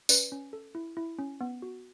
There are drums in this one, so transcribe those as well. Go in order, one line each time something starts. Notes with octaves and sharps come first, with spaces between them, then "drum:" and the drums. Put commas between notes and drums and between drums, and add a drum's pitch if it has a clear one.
C#4 B4 D5, drum: tambourine
C#4
A4
E4
E4
C#4
B3
F#4